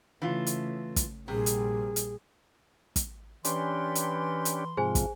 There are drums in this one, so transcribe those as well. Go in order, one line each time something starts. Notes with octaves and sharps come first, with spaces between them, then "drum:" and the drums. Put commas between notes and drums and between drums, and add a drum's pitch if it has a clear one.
C#3 E3 A3 F4
drum: hi-hat
drum: kick, hi-hat
A#1 C3 G3 G#4
drum: hi-hat
drum: hi-hat
drum: kick, hi-hat
E3 C#4 D4 G4 C6, drum: hi-hat
drum: hi-hat
drum: hi-hat
G#2 C3 F3 G#4 C5 G#5
drum: kick, hi-hat